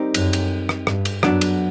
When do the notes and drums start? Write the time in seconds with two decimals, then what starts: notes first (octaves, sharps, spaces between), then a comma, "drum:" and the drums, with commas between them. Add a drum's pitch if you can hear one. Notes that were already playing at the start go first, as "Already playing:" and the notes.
Already playing: G3 C4 D#4 G4 A#4
0.14 F#2, drum: cymbal
0.33 drum: cymbal
0.69 drum: rim click
0.87 G2, drum: rim click
1.05 drum: cymbal
1.23 F#2 F#3 B3 D4, drum: rim click
1.41 drum: cymbal